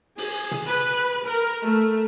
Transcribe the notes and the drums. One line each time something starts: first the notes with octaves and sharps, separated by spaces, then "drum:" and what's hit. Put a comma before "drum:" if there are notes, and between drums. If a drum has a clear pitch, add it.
G#4, drum: open hi-hat
drum: tom
B4
A#4
A3